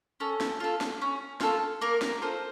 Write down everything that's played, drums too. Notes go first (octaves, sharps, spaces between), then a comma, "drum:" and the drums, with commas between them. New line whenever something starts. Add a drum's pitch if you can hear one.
C#4 A4
drum: snare
F4 A4
drum: snare
C#4
F4 A4, drum: snare
A#3 A#4
drum: snare
F4 A4 C5